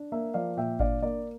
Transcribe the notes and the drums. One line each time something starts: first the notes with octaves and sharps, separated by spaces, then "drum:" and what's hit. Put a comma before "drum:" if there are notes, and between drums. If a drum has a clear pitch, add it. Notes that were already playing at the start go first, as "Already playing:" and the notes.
Already playing: D4
A#3 E5
F3 D5 F5
A#2 E5 G5
D4 D5 F5, drum: kick G#1
A#3 D5